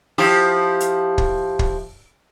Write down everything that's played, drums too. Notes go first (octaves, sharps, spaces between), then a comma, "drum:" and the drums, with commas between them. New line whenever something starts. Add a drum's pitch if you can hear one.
F3 E4 G4
drum: hi-hat
drum: kick
drum: kick